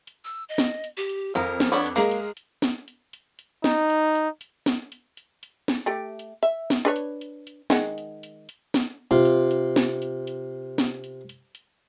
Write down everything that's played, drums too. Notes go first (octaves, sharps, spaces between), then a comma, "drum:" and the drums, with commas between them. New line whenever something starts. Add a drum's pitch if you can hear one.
drum: hi-hat
E6
D#5
drum: snare
drum: hi-hat
G4
drum: hi-hat
F2 F3 A#4 F6, drum: hi-hat
drum: snare
B3 D4 C#5
drum: hi-hat
G#3 A#3 G#4 A#4
drum: hi-hat
drum: hi-hat
drum: snare
drum: hi-hat
drum: hi-hat
drum: hi-hat
D#4, drum: snare
drum: hi-hat
drum: hi-hat
drum: hi-hat
drum: snare
drum: hi-hat
drum: hi-hat
drum: hi-hat
drum: snare
A3 G4
drum: hi-hat
E5, drum: hi-hat
drum: snare
D4 B4 C#5
drum: hi-hat
drum: hi-hat
drum: hi-hat
D#3 G#3 F#5, drum: snare
drum: hi-hat
drum: hi-hat
drum: hi-hat
drum: snare
C3 F4
drum: hi-hat
drum: hi-hat
drum: snare
drum: hi-hat
drum: hi-hat
drum: snare
drum: hi-hat
drum: hi-hat
drum: hi-hat